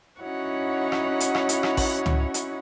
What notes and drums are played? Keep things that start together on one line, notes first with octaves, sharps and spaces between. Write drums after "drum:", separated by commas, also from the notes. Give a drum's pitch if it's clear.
C#4 D#4 E4 F#4 C#5 F#5
drum: rim click
drum: hi-hat
drum: rim click
drum: hi-hat
drum: rim click
drum: kick A1, open hi-hat
drum: tom C#2
drum: hi-hat